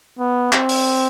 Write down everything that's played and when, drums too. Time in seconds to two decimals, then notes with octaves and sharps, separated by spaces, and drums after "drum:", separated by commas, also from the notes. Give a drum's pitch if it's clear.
0.19 B3
0.53 C4, drum: clap
0.69 drum: open hi-hat